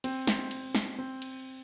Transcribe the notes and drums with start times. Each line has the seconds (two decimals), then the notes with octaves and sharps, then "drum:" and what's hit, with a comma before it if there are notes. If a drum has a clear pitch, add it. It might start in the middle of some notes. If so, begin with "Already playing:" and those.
0.04 C4, drum: cymbal
0.27 C4, drum: snare
0.51 drum: cymbal
0.75 drum: snare
0.99 C4
1.22 drum: cymbal